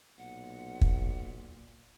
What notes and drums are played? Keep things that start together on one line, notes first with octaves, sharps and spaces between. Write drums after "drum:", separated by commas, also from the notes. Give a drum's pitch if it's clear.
B1 A#2 F#5
drum: kick